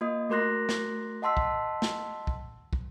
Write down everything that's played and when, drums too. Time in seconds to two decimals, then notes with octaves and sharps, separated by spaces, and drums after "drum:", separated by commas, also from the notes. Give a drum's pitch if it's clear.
0.01 A#3 F4 D#5 D#6
0.30 A3 F#4 A#4 C6 F#6 A#6
0.69 drum: snare
1.22 D#5 F#5 A5 C6 E6 B6
1.37 drum: kick
1.82 drum: snare
2.27 drum: kick
2.73 drum: kick